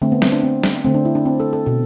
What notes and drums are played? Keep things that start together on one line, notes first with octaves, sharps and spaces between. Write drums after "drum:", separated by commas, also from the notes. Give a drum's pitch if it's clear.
D3 A3 C4
B3
C4, drum: snare
D4
C4
drum: snare
D3 A3 C4
D4
E4
D4
C4
A4
A4
B2 A4